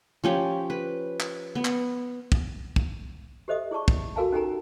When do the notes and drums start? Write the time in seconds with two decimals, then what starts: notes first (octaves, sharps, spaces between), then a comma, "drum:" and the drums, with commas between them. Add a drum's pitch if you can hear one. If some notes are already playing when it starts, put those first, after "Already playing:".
0.24 F3 C#4 G4
0.70 B4
1.20 drum: clap
1.55 B3
1.65 drum: clap
2.32 drum: kick
2.76 drum: kick
3.48 G4 A4 C5 D#5 E5 D#6
3.71 E4 G#4 D5 A5 C#6
3.88 drum: kick
4.16 F#4 A4 A#4 F5 G#5 A5
4.32 C#4 D#4 G4 A4 G#5 A#5